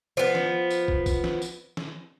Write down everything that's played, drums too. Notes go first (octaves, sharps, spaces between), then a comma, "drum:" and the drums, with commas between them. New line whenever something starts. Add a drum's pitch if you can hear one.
F3 B3
drum: snare
drum: tambourine
drum: kick
drum: kick, tambourine
drum: snare
drum: tambourine
drum: snare